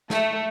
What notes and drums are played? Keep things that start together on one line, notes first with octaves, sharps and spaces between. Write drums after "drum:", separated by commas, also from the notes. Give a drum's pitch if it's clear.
A3, drum: snare